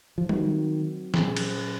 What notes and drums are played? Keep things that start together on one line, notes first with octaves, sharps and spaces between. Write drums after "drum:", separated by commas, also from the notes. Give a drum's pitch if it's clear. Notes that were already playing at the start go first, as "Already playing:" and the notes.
F3
D#3 F#3 C4 F#4, drum: tom G3
A#2 F#3 C#4 G#4, drum: snare
drum: cymbal